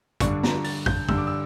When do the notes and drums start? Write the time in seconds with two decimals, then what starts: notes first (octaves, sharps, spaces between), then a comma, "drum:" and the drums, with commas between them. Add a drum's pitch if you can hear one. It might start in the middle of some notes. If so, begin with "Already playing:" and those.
0.20 G2 D3 G3 D4 C#6, drum: kick, hi-hat
0.43 A#5, drum: snare
0.64 A6, drum: open hi-hat
0.86 G6, drum: kick
1.09 G2 D3 G3 D4 E6, drum: kick
1.18 D6
1.27 E6